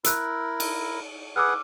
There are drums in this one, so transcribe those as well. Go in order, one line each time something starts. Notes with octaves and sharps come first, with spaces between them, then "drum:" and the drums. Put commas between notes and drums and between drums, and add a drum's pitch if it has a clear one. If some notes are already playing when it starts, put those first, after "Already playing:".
E4 A#4 E6 F#6, drum: hi-hat
drum: cymbal
G#4 B4 F#5 D6 E6 F6